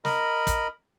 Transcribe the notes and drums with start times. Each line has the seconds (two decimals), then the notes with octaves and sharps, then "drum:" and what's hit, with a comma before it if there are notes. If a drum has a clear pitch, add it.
0.05 A#4 D#5 B5, drum: snare
0.47 drum: kick, hi-hat